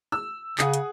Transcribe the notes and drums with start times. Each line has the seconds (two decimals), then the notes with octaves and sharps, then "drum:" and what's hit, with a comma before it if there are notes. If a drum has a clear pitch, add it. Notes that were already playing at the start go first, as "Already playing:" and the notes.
0.12 E6
0.58 C#3 G#4 F#5 D#6, drum: clap
0.74 drum: hi-hat